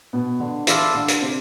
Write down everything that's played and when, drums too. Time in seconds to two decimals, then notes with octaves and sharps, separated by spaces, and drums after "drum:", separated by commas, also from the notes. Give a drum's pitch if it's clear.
0.13 B2 B3
0.40 D3 D4
0.67 E3 E4 F4 A4 D5 F5, drum: hi-hat
0.95 D3 D4
1.08 drum: hi-hat
1.22 C3 C4